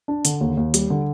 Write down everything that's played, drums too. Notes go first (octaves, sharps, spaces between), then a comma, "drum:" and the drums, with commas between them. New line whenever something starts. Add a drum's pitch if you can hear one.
D4
D3, drum: hi-hat
D#2
D#2
G3, drum: hi-hat
D3